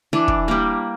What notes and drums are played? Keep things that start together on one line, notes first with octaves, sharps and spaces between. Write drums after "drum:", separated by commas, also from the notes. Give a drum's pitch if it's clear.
E3 D4
drum: kick
G3 A#3